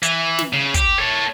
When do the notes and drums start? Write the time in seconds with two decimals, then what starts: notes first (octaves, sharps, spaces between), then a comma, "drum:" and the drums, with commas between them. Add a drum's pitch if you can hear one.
0.03 E3, drum: hi-hat
0.39 drum: snare
0.53 C#3
0.74 G4, drum: kick, hi-hat
0.99 A4 C#5